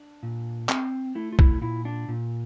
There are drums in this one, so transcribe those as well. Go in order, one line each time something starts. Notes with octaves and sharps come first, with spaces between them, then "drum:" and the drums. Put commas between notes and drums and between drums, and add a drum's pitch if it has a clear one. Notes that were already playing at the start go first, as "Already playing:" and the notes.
Already playing: D4
A#2
C4, drum: clap
A3 E4
F4
E4, drum: kick B1
A#2 E4
D4
A#2